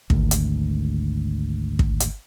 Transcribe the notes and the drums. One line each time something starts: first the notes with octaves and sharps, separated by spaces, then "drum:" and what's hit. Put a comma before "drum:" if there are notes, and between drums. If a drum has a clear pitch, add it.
G#1 D2, drum: kick
drum: hi-hat
drum: kick
drum: hi-hat